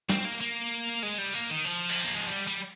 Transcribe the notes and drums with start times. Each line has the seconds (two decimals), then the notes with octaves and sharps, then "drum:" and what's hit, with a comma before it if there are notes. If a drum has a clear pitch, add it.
0.09 C4, drum: snare
0.25 A#3
0.41 A#3
1.03 G#3
1.18 G3
1.34 A#3
1.50 D#3
1.65 F3
1.89 drum: cymbal
2.04 A#3
2.15 G#3
2.27 G3
2.47 G3